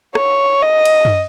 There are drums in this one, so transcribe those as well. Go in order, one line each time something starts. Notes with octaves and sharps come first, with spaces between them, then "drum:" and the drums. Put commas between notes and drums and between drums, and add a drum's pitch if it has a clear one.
C#5, drum: rim click
D#5
drum: cymbal
drum: tom F#2